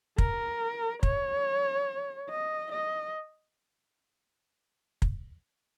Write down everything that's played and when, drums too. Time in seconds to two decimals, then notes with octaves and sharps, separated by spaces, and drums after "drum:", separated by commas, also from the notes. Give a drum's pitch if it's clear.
0.18 A#4, drum: kick
1.03 C#5, drum: kick
2.30 D#5
2.72 D#5
5.02 drum: kick